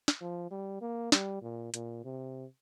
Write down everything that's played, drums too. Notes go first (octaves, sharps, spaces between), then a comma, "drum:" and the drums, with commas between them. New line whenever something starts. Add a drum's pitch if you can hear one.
drum: snare
F3
G3
A#3
G3, drum: snare
A#2
A#2, drum: hi-hat
C3